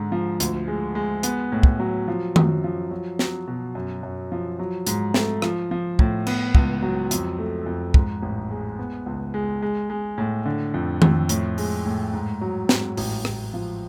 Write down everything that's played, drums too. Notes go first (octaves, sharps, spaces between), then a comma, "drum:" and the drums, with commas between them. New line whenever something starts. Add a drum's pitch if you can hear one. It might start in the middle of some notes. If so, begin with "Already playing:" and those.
Already playing: G#2 D3 G#3
F3
D2, drum: hi-hat
G#3
G#3
B3, drum: hi-hat
A2
drum: kick
F#3
F3
F#2, drum: tom D#3
F3
F#3
F#3, drum: snare
B2
F#2
F#2
F3
F#3
G#2, drum: hi-hat
A3, drum: snare
F3, drum: rim click
F3
A2, drum: kick
B3, drum: cymbal
C#2, drum: kick
F#3
F2, drum: hi-hat
A3
F2
G#2, drum: kick
A1
G#3
B3
C#2
G#3
G#3
G#3
A2
D3
F2
F2, drum: tom D#3
A2, drum: hi-hat
G#3, drum: open hi-hat
A2
G#2
F#3
G#2, drum: snare
A1, drum: open hi-hat
A1, drum: rim click
F3